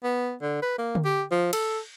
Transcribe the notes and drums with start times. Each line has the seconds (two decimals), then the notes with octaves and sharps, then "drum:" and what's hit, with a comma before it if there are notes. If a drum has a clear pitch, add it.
0.03 B3
0.42 D3
0.62 B4
0.78 A#3
0.95 drum: tom D3
1.05 G4
1.31 F3
1.53 A4, drum: cymbal